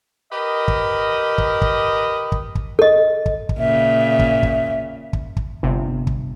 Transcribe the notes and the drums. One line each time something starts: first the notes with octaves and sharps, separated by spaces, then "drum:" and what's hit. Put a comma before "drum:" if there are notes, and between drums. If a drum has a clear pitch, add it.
G4 A#4 B4 D#5
drum: kick
drum: kick
drum: kick
drum: kick
drum: kick
A4 D#5
drum: kick
drum: kick
A#2 C#3 E5
drum: kick
drum: kick
drum: kick
drum: kick
G1 C3
drum: kick